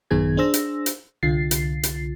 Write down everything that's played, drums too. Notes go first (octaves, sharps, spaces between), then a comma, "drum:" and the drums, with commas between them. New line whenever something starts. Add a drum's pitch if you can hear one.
A1 F#2 D#3 B3 G#4 G#6
D4 G#4 C5 E6 A#6
drum: hi-hat
drum: hi-hat
C2 D3 F4 A6 C7
drum: hi-hat
drum: hi-hat